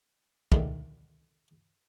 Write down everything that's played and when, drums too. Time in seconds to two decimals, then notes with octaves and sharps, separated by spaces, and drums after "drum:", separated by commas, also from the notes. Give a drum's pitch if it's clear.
0.52 D3 D#3 G#3 A3 E4, drum: kick